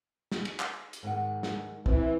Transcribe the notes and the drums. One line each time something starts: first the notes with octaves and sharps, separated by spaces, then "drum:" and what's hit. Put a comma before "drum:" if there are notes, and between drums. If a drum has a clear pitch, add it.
drum: snare
drum: cymbal
drum: clap
drum: hi-hat
G#2 D#3 F#5
drum: snare
E3 C4, drum: kick